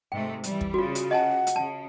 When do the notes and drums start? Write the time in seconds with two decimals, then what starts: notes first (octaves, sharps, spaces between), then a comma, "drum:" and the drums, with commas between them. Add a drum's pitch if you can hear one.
0.12 G#2 C3 A3 G5
0.44 E3 G3, drum: hi-hat
0.61 drum: kick
0.74 C#3 F4 F#4
0.95 drum: hi-hat
1.11 D#5 F#5 G#5 A5
1.47 drum: hi-hat
1.56 C#3 A5